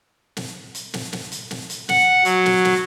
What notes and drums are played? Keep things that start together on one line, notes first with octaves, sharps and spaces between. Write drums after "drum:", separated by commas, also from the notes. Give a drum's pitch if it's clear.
drum: snare
drum: hi-hat
drum: snare
drum: snare
drum: hi-hat
drum: snare
drum: hi-hat
F#5, drum: snare
F#3, drum: hi-hat
drum: snare
drum: snare